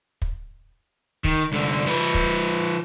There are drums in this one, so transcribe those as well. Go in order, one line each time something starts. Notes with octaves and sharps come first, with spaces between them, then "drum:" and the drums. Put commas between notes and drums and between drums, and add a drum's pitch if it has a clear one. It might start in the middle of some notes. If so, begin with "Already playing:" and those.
drum: kick
D#3, drum: kick
C2 D3
F3 B4
drum: kick